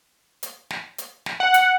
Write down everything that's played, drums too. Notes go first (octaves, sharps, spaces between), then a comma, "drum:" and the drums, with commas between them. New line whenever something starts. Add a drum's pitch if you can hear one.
drum: hi-hat
drum: snare
drum: hi-hat
drum: snare
F#5
drum: hi-hat